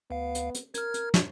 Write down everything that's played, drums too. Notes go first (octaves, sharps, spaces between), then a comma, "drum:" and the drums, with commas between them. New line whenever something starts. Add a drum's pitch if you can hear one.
D2 B3 F5
drum: hi-hat
drum: hi-hat
A#4 F6 G#6, drum: hi-hat
drum: hi-hat
drum: snare